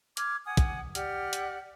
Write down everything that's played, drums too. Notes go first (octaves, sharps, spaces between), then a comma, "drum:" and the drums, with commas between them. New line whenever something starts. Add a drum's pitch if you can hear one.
D6 F6 G#6, drum: hi-hat
F#5 G#5 D#6
drum: kick, hi-hat
G4 D5 F#5 F6, drum: hi-hat
drum: hi-hat